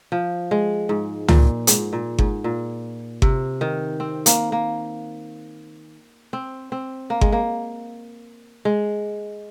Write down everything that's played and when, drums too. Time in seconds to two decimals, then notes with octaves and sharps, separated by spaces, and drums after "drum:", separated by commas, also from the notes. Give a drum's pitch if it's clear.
0.12 F3
0.51 G#3
0.89 G#2
1.28 A#2, drum: tom
1.67 G#2, drum: hi-hat
1.93 A#2
2.18 G#2, drum: kick G1
2.44 A#2
3.22 C3, drum: kick G1
3.61 D#3
4.00 C4
4.26 A#3, drum: hi-hat
4.52 A#3
6.33 C4
6.72 C4
7.10 A#3
7.21 G#3, drum: kick G1
7.32 A#3
8.65 G#3